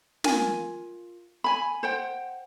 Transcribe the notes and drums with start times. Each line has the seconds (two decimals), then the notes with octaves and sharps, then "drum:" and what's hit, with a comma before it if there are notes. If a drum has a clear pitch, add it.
0.24 F4 A#4 G#5, drum: snare
1.44 G#5 B5
1.83 C5 F#5 G5